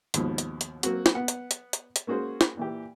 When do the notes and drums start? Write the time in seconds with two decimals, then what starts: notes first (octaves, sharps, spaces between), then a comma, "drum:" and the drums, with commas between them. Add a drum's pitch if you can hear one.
0.14 D#2 G#2 B2 F3, drum: hi-hat
0.38 drum: hi-hat
0.61 drum: hi-hat
0.83 F#3 A#3 C4 F#4, drum: hi-hat
1.06 drum: snare
1.15 B3 F#5
1.28 drum: hi-hat
1.51 drum: hi-hat
1.73 drum: hi-hat
1.96 drum: hi-hat
2.07 A#3 C#4 F#4 G#4 C5
2.41 drum: snare
2.57 A#2 E3 G4